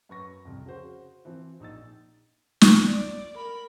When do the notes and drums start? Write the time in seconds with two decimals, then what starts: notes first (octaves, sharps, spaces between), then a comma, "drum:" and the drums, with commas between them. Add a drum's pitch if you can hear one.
0.09 F#2 B4 C#6 A#6
0.45 C2 F2
0.66 C#3 F#4 C5
1.25 E3 F3 C4
1.60 A#1 D#4 E6 A6
2.61 drum: snare
2.85 D5
3.36 A#4 B5